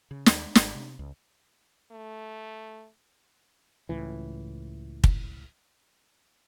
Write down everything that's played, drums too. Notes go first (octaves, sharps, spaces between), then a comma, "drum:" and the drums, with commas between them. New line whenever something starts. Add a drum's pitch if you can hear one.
C#3
D#2, drum: snare
G#1, drum: snare
C3
C#2
A3
C#2 A2 E3
drum: kick